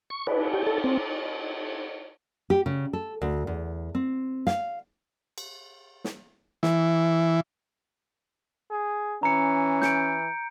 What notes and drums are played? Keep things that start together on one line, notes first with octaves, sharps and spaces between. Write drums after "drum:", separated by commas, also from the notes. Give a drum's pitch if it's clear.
C#6
B4, drum: cymbal
G4
A4
C4
G4
C#3
A4
D2
E2
C4
F5, drum: snare
drum: cymbal
drum: snare
E3, drum: snare
G#4
E3 C#4 A#5 C#7
G6 C#7 D7, drum: snare